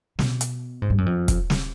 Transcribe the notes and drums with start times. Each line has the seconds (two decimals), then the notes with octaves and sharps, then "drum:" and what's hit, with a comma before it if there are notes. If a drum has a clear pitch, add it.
0.19 B2, drum: snare
0.41 drum: hi-hat
0.82 G#2
0.90 G2
0.98 F#2
1.06 F2
1.28 drum: kick, hi-hat
1.50 drum: snare